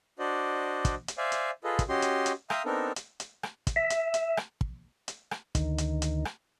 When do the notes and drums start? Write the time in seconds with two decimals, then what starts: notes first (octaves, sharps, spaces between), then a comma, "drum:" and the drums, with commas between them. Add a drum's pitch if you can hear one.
0.19 D4 F#4 C5 D5 D#5
0.85 drum: kick, hi-hat
1.08 drum: hi-hat
1.18 C5 D5 E5 F5 G#5
1.32 drum: hi-hat
1.64 F4 G#4 A4 B4 D#5
1.79 drum: kick, hi-hat
1.89 C#4 F#4 G4 D#5 C6
2.02 drum: hi-hat
2.26 drum: hi-hat
2.50 E5 F5 G5 A#5 C6 D#6, drum: rim click
2.65 B3 C4 D4 D#4 A4 A#4
2.96 drum: hi-hat
3.20 drum: hi-hat
3.43 drum: rim click
3.67 drum: kick, hi-hat
3.76 E5
3.90 drum: hi-hat
4.14 drum: hi-hat
4.37 drum: rim click
4.61 drum: kick
5.08 drum: hi-hat
5.31 drum: rim click
5.55 D2 D#3, drum: kick, hi-hat
5.78 drum: hi-hat
6.02 drum: hi-hat
6.25 drum: rim click